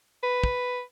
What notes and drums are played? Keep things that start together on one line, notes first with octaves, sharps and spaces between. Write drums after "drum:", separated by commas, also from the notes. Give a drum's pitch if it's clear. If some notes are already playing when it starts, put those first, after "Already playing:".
B4
drum: kick